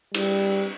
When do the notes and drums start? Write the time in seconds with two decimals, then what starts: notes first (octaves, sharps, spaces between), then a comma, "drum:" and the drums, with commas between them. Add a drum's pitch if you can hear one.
0.14 G3, drum: cymbal